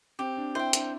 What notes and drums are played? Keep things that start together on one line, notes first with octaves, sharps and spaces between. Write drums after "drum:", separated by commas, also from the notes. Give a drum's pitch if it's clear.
C4 G4
D4
E4 C5 G5
D4, drum: hi-hat